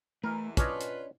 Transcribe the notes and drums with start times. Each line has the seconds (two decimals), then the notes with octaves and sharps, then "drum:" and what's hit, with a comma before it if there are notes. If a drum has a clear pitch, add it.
0.24 E2 B2 E3 A3 A#4
0.57 C#4 D4 F4 B4 C#5 D#5, drum: kick, hi-hat
0.81 drum: hi-hat